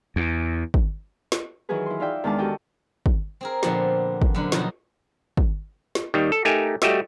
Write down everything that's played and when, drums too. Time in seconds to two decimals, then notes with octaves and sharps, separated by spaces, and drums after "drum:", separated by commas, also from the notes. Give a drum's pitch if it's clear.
0.16 E2
0.74 drum: kick
1.32 drum: snare
1.69 D#3 E3 F#3 F#4 G#4 B4
1.86 E4 C6
2.00 D#4 F4 D5 E5 G5
2.24 E2 D#3 G#3 D4 A5 D6
2.38 F#4 G4 A4 D#5 G5
3.06 drum: kick
3.41 C4 G#4 A#4
3.63 A#2 D3 F3 B3 C4 A#5, drum: snare
4.22 drum: kick
4.35 F#2 D3 B5
4.52 B2 D#3 F3 F#3 D#4 F#4, drum: snare
5.37 drum: kick
5.95 drum: snare
6.14 D#2 D#3 G3
6.32 A4
6.45 A3 D#4 G4 A#4 G#5
6.82 G3 A3 F#4 G4 D#5 E5, drum: snare